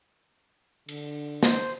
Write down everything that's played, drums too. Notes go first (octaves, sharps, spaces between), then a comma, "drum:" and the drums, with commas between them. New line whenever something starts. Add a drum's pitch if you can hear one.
D3, drum: cymbal
C5, drum: snare